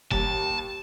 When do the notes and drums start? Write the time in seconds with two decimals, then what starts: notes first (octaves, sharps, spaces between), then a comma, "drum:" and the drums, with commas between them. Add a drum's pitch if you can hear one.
0.11 D#2 A5, drum: kick F1